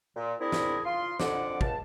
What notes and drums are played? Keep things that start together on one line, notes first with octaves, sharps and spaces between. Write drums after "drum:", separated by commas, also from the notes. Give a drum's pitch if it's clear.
A#2
C4 D4 E4 G#4 A#4
drum: snare
F4 C6
F2 D3 F#5 D6, drum: snare
C#2 A5, drum: kick